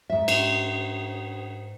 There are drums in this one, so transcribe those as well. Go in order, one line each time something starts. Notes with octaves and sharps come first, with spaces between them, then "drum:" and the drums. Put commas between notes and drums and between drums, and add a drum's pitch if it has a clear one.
G#2 E5
drum: cymbal